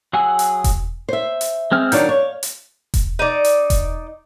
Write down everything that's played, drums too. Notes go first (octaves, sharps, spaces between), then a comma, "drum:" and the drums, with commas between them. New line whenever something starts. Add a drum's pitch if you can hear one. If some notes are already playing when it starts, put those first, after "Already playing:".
F#3 G#4 F#5 G#5 E6
drum: hi-hat
drum: kick E1, hi-hat
C5 E5
drum: hi-hat
G#3 C4 F6
D#3 F#3 D4 F5 G6, drum: hi-hat
C#5
drum: hi-hat
drum: kick E1, hi-hat
D#4 D5
drum: hi-hat
drum: kick E1, hi-hat